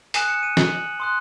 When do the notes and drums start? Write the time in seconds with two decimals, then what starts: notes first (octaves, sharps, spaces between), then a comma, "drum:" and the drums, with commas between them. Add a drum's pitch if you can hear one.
0.14 G#5 D#6 F#6 E7, drum: hi-hat
0.28 C#7
0.43 D#7
0.57 F#7, drum: snare
1.00 C6 D#6 F#6